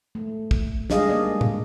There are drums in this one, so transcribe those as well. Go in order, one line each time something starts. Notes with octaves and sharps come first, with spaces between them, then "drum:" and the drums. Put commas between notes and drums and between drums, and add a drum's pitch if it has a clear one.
A3
drum: kick
G3 G#3 D4 G#4 D#5 F5, drum: snare
G#3 A#3 D5 D#5
drum: tom